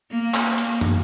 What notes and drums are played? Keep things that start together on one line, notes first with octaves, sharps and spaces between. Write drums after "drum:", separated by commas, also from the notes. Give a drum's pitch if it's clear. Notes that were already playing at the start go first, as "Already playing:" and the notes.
A#3
drum: clap
drum: cymbal
drum: tom